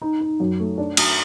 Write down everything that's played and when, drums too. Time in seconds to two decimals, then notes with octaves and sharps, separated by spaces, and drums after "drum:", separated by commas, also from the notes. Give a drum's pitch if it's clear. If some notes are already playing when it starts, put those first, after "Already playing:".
0.01 D#4
0.21 D#4
0.40 F#2
0.60 A3
0.78 D4
0.97 F#3, drum: cymbal